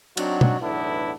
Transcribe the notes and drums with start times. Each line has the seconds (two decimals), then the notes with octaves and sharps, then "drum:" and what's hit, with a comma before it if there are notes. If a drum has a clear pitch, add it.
0.17 F#3 C4 D4 D#4 F#4, drum: cymbal
0.41 drum: tom
0.61 B1 E2 A2 B3 D4 E4